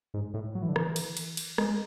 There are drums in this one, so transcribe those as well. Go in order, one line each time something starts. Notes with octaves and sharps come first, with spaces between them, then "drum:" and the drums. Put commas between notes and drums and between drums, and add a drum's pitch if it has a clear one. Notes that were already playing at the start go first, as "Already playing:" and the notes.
G#2
A2
F#3
E3
D3
E3, drum: rim click
drum: cymbal
drum: cymbal
drum: cymbal
G#3, drum: rim click